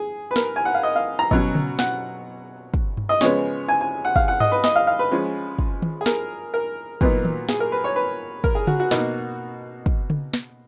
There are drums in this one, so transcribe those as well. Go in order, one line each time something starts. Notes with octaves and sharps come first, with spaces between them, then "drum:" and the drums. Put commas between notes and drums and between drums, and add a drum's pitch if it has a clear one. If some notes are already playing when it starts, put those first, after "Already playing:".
Already playing: G#4
B4
A#4, drum: snare
G#5
F#5
F5
D#5
F5
A#5
B2 F#3 C#4, drum: kick
drum: tom C#3
F#5, drum: snare
drum: kick
drum: tom G2
D#5
C#3 F3 G#3 B3 C#5, drum: snare
G#5
G#5
F#5
F5, drum: kick
F#5
D#5, drum: tom G2
B4
D#5, drum: snare
F5
F5
B4
F3 G#3 C#4
drum: kick
drum: tom D#3
G#4
A#4, drum: snare
A#4
A#2 F#3 B3 D#4, drum: kick
drum: tom D#3
G#4, drum: snare
A#4
B4
C#5
B4
A#4, drum: kick
G#4
F#4, drum: tom C#3
F#4
B2 A#3 D#4, drum: snare
drum: kick
drum: tom C#3
drum: snare